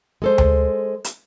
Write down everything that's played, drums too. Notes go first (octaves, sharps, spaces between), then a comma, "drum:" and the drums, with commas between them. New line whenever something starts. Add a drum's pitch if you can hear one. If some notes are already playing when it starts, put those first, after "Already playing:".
G#3 A4 C5
drum: tom D2
drum: hi-hat